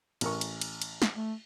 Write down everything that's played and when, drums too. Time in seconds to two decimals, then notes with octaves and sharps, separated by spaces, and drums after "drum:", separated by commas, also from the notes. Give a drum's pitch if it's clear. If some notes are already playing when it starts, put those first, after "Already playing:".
0.21 A1 A#4 C#6, drum: cymbal
0.41 drum: cymbal
0.61 drum: cymbal
0.82 drum: cymbal
1.02 drum: snare
1.15 A3